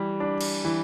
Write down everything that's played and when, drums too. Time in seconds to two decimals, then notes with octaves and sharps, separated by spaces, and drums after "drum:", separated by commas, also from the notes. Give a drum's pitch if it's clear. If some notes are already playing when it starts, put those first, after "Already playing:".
Already playing: E3 G3
0.20 D4
0.41 drum: cymbal
0.65 E3